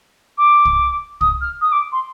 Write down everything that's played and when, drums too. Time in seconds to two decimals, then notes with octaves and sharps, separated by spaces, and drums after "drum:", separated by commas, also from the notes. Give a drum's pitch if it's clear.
0.38 D6
0.65 drum: kick
1.21 D#6, drum: kick
1.41 F6
1.61 D#6
1.72 D6
1.92 C6